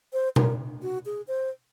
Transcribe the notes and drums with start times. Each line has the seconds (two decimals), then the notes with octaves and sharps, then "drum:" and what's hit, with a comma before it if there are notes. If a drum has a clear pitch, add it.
0.13 C5
0.36 A#4, drum: tom B2
0.82 F#4
1.06 G#4
1.28 C5